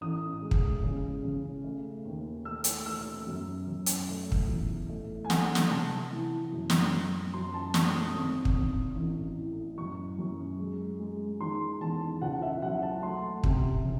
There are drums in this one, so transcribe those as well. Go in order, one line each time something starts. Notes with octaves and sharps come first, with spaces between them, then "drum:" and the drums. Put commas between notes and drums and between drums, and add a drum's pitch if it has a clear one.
A1 D#6
G#3
drum: kick
C#3
C#3
A3
D#2
A3 E6
drum: hi-hat
A3 E6
F#2
F#2
drum: hi-hat
A3
drum: kick
E2
A3
G#5
A3 F#5, drum: snare
drum: snare
C3 A5
E3
F#2
drum: snare
F#2
F#2 C6
A5
A3 C#6, drum: snare
D#6
G#1
drum: kick
G#1
A1
A2
F#2 C#6
F#2
G#3
G#3
D#3 C6
E2 A5
C#2 F#5
E5
F#3 F#5
A5
A3 C6
C3, drum: kick
C#3